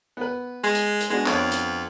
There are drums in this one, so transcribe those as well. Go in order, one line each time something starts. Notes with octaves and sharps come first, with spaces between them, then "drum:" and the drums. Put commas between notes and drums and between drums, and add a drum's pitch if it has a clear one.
B3 B4
G#3
drum: hi-hat
drum: hi-hat
G#3 B3 D4 F#4
F2 B3 D4 C#5, drum: clap
drum: hi-hat